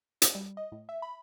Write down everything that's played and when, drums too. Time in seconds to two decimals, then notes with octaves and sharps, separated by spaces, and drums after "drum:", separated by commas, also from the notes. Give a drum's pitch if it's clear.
0.22 drum: hi-hat
0.35 G3
0.57 D#5
0.72 A2
0.89 E5
1.02 B5